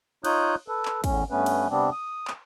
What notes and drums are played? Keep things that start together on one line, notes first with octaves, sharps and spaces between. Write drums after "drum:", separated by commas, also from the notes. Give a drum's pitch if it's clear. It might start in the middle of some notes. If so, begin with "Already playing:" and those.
D#4 F4 C#5 D#6 F#6 G6, drum: cymbal
A4 B4
drum: clap
E2 A2 C#4, drum: kick, cymbal
G2 A3 B3 C#4 B4
drum: cymbal
C3 G3 B3 C4 D4
D#6
drum: clap